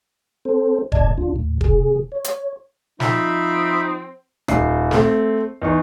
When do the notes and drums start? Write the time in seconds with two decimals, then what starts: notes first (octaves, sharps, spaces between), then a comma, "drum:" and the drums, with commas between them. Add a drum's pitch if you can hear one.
0.45 C4 A4 C5
0.92 G#2 C3 D5 D#5 A5 G#6, drum: kick E1
1.18 D2 D4 F4
1.36 D#2 A2
1.61 C3 G#4, drum: kick E1
2.12 C#5
2.24 drum: hi-hat
3.00 F3 C4 D#4 E5 B5, drum: snare
4.48 D#1 D#4 C7, drum: rim click
4.91 A3 C4, drum: snare
5.62 E2 D#4 C#6